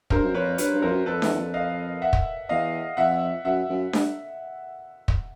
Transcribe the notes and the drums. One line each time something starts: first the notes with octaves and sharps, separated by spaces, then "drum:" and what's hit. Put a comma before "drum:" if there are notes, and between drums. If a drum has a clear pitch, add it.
G2 A#4 C5, drum: kick
F#2
F2 B4 C#5
F2
G2 B4 C#5, drum: hi-hat
G2
F2 A#4 C5
F#2
F2 A4 B4
E2, drum: snare D4
E2
F2
D#5 F5
E5 F#5
drum: kick
E2 D#5 F5
F2 E5 F#5
F#2 E5 F#5
F#2
G2, drum: snare D4
drum: kick